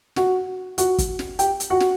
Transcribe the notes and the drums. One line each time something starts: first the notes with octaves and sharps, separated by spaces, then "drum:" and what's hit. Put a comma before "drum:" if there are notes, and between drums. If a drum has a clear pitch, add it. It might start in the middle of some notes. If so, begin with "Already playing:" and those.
F#4 F#5, drum: snare
F#4 F#5, drum: hi-hat
drum: kick G1, hi-hat
drum: snare
G4 G5, drum: hi-hat
drum: hi-hat
F#4 F#5
drum: snare